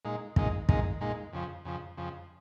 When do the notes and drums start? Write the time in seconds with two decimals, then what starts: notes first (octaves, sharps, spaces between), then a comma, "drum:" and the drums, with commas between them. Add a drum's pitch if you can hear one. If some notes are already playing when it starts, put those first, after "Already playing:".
0.05 A#2 G#3 D#4
0.36 A#2 G#3 D#4, drum: kick
0.69 A#2 G#3 D#4, drum: kick
1.01 A#2 G#3 D#4
1.33 F2 C#3 F3
1.65 F2 C#3 F3
1.97 F2 C#3 F3